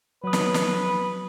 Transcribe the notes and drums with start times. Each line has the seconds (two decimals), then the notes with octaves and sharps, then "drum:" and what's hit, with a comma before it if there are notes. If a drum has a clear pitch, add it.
0.24 F#3 B4 D#6
0.33 drum: snare
0.54 drum: snare